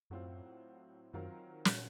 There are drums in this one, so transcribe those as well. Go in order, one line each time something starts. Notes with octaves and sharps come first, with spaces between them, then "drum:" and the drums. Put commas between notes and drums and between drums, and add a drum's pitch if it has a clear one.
F#2 A2 F#3 C4 F4
F#2 D#3 F#3 C4 F4 A#4
A#2, drum: snare